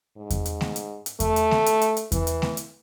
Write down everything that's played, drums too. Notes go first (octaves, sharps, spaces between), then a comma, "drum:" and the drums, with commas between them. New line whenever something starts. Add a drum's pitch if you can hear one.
G#2
drum: kick E2, hi-hat
drum: hi-hat
drum: snare A3
drum: hi-hat
drum: hi-hat
A3, drum: kick E2, hi-hat
drum: hi-hat
drum: snare A3
drum: hi-hat
drum: hi-hat
drum: hi-hat
E3, drum: kick E2, hi-hat
drum: hi-hat
drum: snare A3
drum: hi-hat